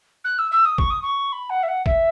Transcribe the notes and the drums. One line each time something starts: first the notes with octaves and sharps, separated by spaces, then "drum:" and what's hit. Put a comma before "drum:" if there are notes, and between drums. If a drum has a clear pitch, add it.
F#6
E6
E6
D#6
C#6, drum: kick
D#6
C#6
B5
F#5
E5
F#5
E5, drum: kick